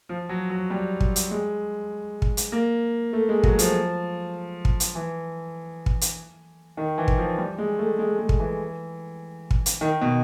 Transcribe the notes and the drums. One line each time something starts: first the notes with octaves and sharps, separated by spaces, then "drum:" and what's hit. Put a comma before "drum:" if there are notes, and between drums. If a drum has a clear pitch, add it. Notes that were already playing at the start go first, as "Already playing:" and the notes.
F3
F#3
F#3
G3
drum: kick
drum: hi-hat
G#3
drum: kick
drum: hi-hat
A#3
A3
G#3
F#3, drum: kick
F3, drum: hi-hat
drum: kick
drum: hi-hat
E3
drum: kick
drum: hi-hat
D#3
E3
drum: kick
F3
G3
G#3
A3
G#3
G#3
drum: kick
E3
drum: kick
drum: hi-hat
D#3
B2